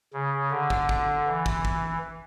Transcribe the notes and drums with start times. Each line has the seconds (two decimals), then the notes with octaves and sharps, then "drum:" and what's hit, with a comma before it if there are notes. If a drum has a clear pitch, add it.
0.13 C#3
0.51 D3
0.70 drum: kick
0.89 drum: kick
1.27 E3
1.46 drum: kick
1.65 drum: kick